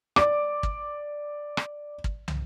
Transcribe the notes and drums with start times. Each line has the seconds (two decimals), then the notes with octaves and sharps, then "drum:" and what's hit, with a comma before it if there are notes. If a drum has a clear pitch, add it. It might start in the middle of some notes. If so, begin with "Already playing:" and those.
0.16 D5 D6, drum: rim click
0.63 drum: kick
1.57 drum: rim click
2.04 drum: kick
2.28 drum: tom